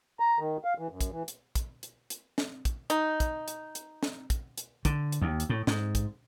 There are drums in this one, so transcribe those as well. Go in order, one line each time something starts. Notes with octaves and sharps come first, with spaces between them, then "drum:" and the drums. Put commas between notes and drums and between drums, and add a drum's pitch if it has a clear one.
A#5
D#3
F5
E3
F#2
drum: kick, hi-hat
E3
drum: hi-hat
drum: kick, hi-hat
drum: hi-hat
drum: hi-hat
drum: snare
drum: kick, hi-hat
D#4, drum: hi-hat
drum: kick, hi-hat
drum: hi-hat
drum: hi-hat
drum: snare
drum: kick, hi-hat
drum: hi-hat
D3, drum: kick, hi-hat
drum: hi-hat
D#2
drum: hi-hat
A2
G#2, drum: snare
drum: kick, hi-hat